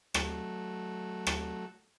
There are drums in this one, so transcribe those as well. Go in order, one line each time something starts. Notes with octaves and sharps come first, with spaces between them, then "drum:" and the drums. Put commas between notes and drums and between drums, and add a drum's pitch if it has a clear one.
F#3 A3, drum: rim click
drum: rim click